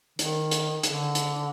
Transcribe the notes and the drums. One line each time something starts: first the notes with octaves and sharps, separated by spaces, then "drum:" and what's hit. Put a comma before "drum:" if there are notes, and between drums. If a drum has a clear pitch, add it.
D#3, drum: hi-hat
drum: hi-hat
D3, drum: hi-hat
drum: hi-hat